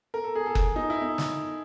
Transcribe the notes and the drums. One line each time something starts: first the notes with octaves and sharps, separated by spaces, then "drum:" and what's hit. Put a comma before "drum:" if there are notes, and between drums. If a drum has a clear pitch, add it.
A#4
A4
G#4
A4
drum: kick F#1
D#4
E4
D#4
drum: snare